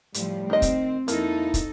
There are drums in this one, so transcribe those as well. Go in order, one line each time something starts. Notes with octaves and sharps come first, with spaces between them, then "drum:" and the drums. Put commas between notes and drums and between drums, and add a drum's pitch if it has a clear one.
A2 F3 G3, drum: hi-hat
D#3 C4 D#5
drum: kick, hi-hat
F2 A#3 D#4 E4 A4, drum: hi-hat
drum: kick, hi-hat